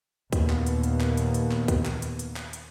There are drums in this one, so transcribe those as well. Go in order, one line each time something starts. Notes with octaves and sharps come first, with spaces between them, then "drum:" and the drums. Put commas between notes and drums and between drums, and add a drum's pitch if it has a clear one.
D#2 A#2 A#3 B3, drum: kick, hi-hat
drum: clap
drum: hi-hat
drum: hi-hat
drum: clap
drum: hi-hat
drum: hi-hat
drum: clap
drum: kick, hi-hat
drum: clap
drum: hi-hat
drum: hi-hat
drum: clap
drum: hi-hat